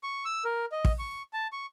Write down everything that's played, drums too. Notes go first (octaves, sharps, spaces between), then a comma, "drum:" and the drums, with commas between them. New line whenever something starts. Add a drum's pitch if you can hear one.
C#6
E6
A#4
D#5
drum: kick
C#6
A5
C#6